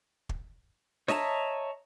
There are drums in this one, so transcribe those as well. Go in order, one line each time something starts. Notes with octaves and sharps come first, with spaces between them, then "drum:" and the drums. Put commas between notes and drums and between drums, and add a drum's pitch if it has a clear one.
drum: kick
C#5 D#5 E5 A5 A#5, drum: snare